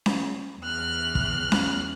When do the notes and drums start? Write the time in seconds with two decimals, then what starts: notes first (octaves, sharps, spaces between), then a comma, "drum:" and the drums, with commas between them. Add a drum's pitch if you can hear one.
0.06 drum: snare C#4
0.61 E2 F6 F#6
1.15 drum: kick
1.52 drum: snare C#4